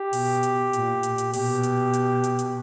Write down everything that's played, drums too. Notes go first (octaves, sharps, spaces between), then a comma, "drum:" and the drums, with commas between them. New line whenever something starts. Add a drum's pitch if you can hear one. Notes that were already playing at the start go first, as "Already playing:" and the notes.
Already playing: G4
B2, drum: open hi-hat
drum: hi-hat
A#2, drum: hi-hat
drum: hi-hat
drum: hi-hat
B2 G4, drum: open hi-hat
drum: hi-hat
drum: hi-hat
drum: hi-hat
drum: hi-hat